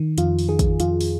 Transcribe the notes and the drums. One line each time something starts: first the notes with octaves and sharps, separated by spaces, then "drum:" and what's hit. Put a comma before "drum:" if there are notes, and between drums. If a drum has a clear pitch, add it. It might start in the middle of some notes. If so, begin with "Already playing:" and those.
Already playing: D#3
F2 F4, drum: hi-hat
drum: open hi-hat
D#3 G#4
drum: kick, hi-hat
F2 F4, drum: hi-hat
drum: open hi-hat